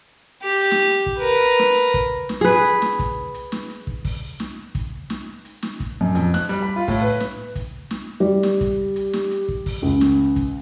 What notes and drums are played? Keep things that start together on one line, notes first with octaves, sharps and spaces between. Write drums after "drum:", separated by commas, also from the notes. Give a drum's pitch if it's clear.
G4
drum: hi-hat
drum: snare
drum: hi-hat
drum: kick
A#4 B4
drum: snare
drum: kick, hi-hat
drum: snare
G#4 B4
drum: hi-hat
drum: snare
drum: kick, hi-hat
drum: hi-hat
drum: snare
drum: hi-hat
drum: kick
drum: kick, open hi-hat
drum: snare
drum: kick, hi-hat
drum: snare
drum: hi-hat
drum: snare
drum: kick, hi-hat
F#2
F2, drum: hi-hat
F#6, drum: snare
G3, drum: hi-hat
B5
F4
A2, drum: kick, open hi-hat
B4
drum: snare
drum: kick, hi-hat
drum: snare
G3
drum: snare
drum: kick, hi-hat
drum: hi-hat
drum: snare
drum: hi-hat
drum: kick
drum: kick, open hi-hat
C#2
drum: snare
drum: kick, hi-hat